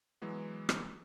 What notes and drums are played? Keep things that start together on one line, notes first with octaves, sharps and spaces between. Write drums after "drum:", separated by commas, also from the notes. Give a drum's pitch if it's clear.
E3 F#3 G#3 B3
drum: rim click